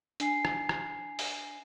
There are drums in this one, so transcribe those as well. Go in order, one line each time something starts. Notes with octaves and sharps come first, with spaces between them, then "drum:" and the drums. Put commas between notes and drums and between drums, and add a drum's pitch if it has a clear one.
D4 G#5 C7, drum: hi-hat
drum: rim click
drum: rim click
drum: open hi-hat